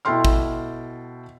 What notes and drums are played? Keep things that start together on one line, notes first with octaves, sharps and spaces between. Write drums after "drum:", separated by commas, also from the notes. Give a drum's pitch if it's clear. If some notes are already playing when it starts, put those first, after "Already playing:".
B2 E4 A4 G5 C6 F6
drum: kick